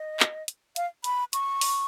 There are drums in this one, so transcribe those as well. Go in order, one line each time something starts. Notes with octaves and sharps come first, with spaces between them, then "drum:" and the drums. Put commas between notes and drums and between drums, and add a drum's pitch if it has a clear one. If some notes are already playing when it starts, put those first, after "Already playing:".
Already playing: D#5
drum: clap
drum: hi-hat
F5, drum: hi-hat
B5, drum: hi-hat
C#6, drum: hi-hat
drum: open hi-hat